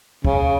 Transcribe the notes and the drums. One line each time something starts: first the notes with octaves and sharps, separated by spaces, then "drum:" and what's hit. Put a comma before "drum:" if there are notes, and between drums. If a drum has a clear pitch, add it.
C#3, drum: kick